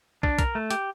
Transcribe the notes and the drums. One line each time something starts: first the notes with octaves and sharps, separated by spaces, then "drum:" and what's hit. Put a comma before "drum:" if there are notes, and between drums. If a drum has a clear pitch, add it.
D4, drum: kick
A#4, drum: kick, hi-hat
A3
G4, drum: hi-hat